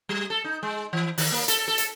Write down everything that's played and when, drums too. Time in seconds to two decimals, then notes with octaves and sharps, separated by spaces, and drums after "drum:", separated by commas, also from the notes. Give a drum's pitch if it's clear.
0.09 G3
0.30 A4
0.44 D#4
0.63 G#3
0.93 E3
1.18 D#3, drum: open hi-hat
1.32 A#3
1.48 A4, drum: hi-hat
1.68 A4
1.78 drum: hi-hat